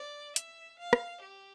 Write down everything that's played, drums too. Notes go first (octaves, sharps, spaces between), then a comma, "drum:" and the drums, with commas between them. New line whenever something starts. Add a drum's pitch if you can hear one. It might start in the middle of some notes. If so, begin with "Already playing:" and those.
Already playing: D5
E5, drum: hi-hat
F5
drum: rim click
G4